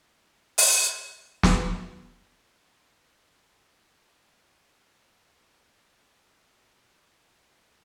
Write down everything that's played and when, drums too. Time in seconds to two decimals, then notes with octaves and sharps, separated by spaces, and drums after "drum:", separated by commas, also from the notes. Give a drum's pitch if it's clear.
0.03 A3 C4 D#4
0.58 drum: open hi-hat
1.43 drum: snare
2.23 A#3 D4 G#4 B4 C6
3.96 F#2 C4
6.51 C3 G3 F#4 A#5
7.36 C2 F#4